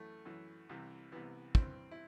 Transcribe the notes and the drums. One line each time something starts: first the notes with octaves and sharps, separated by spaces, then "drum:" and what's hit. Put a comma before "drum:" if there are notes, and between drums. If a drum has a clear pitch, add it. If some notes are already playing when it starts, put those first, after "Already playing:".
Already playing: F#2 E3 A3
F#2 E3
C2 C3 E3
C2 C3 E3 B3
G2 E3 C4, drum: kick
E4